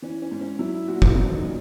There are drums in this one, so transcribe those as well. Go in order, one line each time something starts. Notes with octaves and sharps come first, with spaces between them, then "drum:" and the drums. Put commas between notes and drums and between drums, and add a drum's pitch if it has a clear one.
E3 C#4
C#4
G#2
C#4
F#3 E4
E4
A#2 F#4
E4, drum: kick
F#3
C#4
D#4
A#2